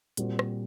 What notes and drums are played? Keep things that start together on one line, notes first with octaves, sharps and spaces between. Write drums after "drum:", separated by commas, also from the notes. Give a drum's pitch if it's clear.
A#2 G3 C4 F#4, drum: hi-hat
drum: rim click